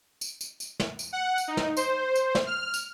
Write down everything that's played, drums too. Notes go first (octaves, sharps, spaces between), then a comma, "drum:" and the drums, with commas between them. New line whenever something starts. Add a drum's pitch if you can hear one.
drum: tambourine
drum: tambourine
drum: tambourine
drum: snare
drum: tambourine
F#5
drum: tambourine
D#4
drum: snare
C5, drum: tambourine
drum: tambourine
drum: snare
F6
drum: tambourine